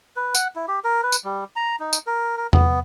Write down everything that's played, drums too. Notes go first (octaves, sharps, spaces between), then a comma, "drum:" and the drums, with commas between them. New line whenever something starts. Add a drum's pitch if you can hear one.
B4
F#5, drum: tambourine
E4
G4
A#4
B4
drum: tambourine
G3
A#5
D#4
drum: tambourine
A#4
A#4
B3, drum: tom E2